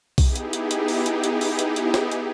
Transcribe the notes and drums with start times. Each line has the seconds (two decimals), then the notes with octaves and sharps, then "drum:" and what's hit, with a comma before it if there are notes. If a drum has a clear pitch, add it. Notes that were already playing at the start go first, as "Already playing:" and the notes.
0.18 B3 D#4 E4 G4 G#4, drum: kick B1, open hi-hat
0.36 drum: hi-hat
0.53 drum: hi-hat
0.71 drum: hi-hat
0.88 drum: open hi-hat
1.06 drum: hi-hat
1.24 drum: hi-hat
1.41 drum: open hi-hat
1.59 drum: hi-hat
1.76 drum: hi-hat
1.94 drum: snare
2.12 drum: hi-hat